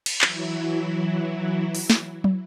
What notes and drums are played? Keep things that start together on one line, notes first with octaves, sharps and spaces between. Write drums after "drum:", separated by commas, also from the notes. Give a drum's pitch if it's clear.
drum: cymbal
E3 F#3 E4, drum: clap
drum: open hi-hat
drum: snare
drum: tom